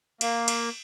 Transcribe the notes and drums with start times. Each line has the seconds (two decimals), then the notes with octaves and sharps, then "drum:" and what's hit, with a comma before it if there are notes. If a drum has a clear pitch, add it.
0.21 A#3, drum: cymbal
0.48 drum: cymbal